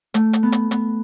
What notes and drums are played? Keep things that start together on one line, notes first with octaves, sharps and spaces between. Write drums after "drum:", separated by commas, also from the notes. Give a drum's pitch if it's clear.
A3, drum: hi-hat
drum: hi-hat
B3
drum: hi-hat
B3, drum: hi-hat